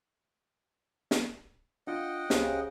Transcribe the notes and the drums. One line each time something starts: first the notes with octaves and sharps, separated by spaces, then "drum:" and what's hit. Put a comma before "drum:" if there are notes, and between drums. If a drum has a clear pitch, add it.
drum: snare
D4 F4 D#5 F#5 G5
C#2 C#3 G4 C5, drum: snare